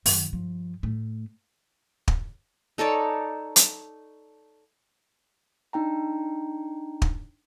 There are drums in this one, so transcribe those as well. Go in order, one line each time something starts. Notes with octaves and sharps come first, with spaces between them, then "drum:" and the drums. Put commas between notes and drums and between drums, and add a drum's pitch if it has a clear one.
F#2 D#3, drum: open hi-hat
G2 F3
A2 A3
drum: kick
D#4 A4 C#5 D5
drum: hi-hat
D4 D#4 G5 A#5
drum: kick